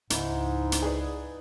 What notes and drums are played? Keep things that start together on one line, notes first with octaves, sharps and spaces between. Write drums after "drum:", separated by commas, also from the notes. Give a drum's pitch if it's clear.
C#2 G#2 D#4 E4, drum: hi-hat
drum: hi-hat
G#4 B4 D5